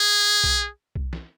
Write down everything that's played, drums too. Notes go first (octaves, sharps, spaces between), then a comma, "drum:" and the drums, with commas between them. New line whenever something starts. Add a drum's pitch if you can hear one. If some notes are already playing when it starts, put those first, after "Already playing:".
Already playing: G#4
drum: kick B1
drum: kick B1
drum: snare